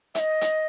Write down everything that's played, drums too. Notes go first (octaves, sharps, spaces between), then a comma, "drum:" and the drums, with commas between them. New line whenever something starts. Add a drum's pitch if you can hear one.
E5, drum: hi-hat
D#5
drum: hi-hat